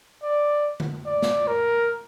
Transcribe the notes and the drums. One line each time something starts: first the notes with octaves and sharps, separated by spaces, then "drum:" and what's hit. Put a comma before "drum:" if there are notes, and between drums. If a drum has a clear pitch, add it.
D5
drum: tom D3
D5
drum: snare
A#4